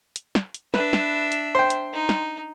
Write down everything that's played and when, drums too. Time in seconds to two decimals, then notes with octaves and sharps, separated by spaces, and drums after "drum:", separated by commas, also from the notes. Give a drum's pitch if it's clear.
0.16 drum: hi-hat
0.35 drum: snare
0.54 drum: hi-hat
0.74 D4 B4 E5, drum: snare
0.93 drum: snare
1.32 drum: hi-hat
1.55 C5 G5
1.70 drum: hi-hat
1.93 D#4
2.09 drum: snare